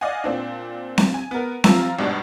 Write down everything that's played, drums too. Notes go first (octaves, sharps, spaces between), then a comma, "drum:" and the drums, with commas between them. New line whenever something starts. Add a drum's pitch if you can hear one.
D5 D#5 F5 F#5 G#5
A#2 C4 D4
drum: snare C4
G#5
B3 A#4
F3 F4 A#5 E6, drum: snare C4
G#1 G2 B2 D4